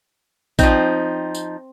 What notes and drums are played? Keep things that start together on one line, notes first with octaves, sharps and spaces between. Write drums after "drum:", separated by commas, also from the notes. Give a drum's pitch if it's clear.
F3 C4 D#4, drum: kick, tambourine
drum: tambourine